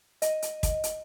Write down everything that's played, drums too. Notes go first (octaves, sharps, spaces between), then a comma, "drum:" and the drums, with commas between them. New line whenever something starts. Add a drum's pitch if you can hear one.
D#5, drum: hi-hat
drum: hi-hat
drum: kick, hi-hat
drum: hi-hat